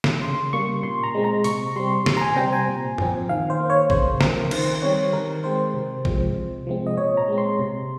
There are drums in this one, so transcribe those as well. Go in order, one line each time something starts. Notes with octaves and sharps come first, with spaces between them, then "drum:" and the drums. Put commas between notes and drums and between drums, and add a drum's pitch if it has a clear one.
drum: snare
C#3 C6
G3 A#3 C#6
A#2 C6
A#5
G#3 C4
A#5
C3 C#6, drum: open hi-hat
G3 C4 C6
C3 C6, drum: snare
A#5
G#5
G3 C4 G5
G#5
A#2
F3 C4, drum: tom F#2
D#3 F5
C5
A#3
C#5
C#3 C5, drum: kick
F3 C4 A#4, drum: snare
D#3 C5, drum: cymbal
G3 C4 C#5
D#3 A#4
G#3 C4 C5
C3
F3 G#3 C4, drum: kick
C3
F3 G#3 C4
D#5
A#2 C#5
A#5
G#3 C4
C6
C3